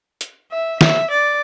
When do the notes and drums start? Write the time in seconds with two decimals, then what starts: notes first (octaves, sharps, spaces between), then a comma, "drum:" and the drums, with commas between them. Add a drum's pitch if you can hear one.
0.21 drum: hi-hat
0.51 E5
0.81 E5, drum: snare
1.11 D5